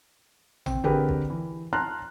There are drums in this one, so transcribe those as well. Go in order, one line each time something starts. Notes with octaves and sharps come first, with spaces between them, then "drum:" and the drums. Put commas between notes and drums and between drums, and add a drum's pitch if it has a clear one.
C4, drum: tom A1
D3 C4 G4 G#4 A#4 B4
drum: kick
E3
A5 A#5 C6 F6 F#6